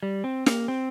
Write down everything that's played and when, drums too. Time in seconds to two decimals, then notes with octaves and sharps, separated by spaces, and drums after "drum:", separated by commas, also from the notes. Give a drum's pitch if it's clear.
0.03 G3
0.24 C4
0.46 A#3, drum: snare
0.68 C4